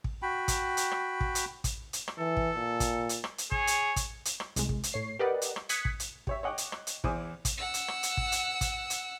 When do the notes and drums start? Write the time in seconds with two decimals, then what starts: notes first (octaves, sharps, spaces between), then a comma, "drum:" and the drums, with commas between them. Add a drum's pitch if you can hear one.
0.04 drum: kick
0.22 F#4 G5 B5
0.48 drum: kick, hi-hat
0.77 drum: hi-hat
0.91 drum: rim click
1.20 drum: kick
1.35 drum: hi-hat
1.64 drum: kick, hi-hat
1.93 drum: hi-hat
2.08 drum: rim click
2.18 E3 A4
2.37 drum: kick
2.56 A#2
2.80 drum: kick, hi-hat
3.09 drum: hi-hat
3.24 drum: rim click
3.38 drum: hi-hat
3.52 G#4 C#5, drum: kick
3.67 drum: hi-hat
3.96 drum: kick, hi-hat
4.25 drum: hi-hat
4.40 drum: rim click
4.56 C2 G#3, drum: hi-hat
4.69 drum: kick
4.83 drum: hi-hat
4.93 A2 C#5 C7
5.19 G4 A#4 B4 D5 D#5 F#5
5.42 drum: hi-hat
5.56 drum: rim click
5.69 D#6 F#6 G#6 B6 C#7, drum: hi-hat
5.85 drum: kick
6.00 drum: hi-hat
6.27 G4 C#5 E5, drum: kick
6.43 C#5 D#5 F#5 G5 D6
6.58 drum: hi-hat
6.72 drum: rim click
6.87 drum: hi-hat
7.04 E2 E4 C5 G#5 D6 D#6, drum: kick
7.45 drum: kick, hi-hat
7.58 F#5 E6
7.74 drum: hi-hat
7.88 drum: rim click
8.03 drum: hi-hat
8.17 drum: kick
8.32 drum: hi-hat
8.61 drum: kick, hi-hat
8.90 drum: hi-hat